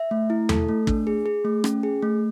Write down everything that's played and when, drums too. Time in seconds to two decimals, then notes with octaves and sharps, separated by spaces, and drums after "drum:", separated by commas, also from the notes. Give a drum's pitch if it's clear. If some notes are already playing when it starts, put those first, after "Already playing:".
Already playing: E5
0.11 A3
0.30 E4
0.49 A4, drum: tom E2
0.69 A3
0.87 D4, drum: kick
1.07 G#4
1.26 G#4
1.45 A3
1.64 C#4, drum: rim click
1.83 G#4
2.03 A3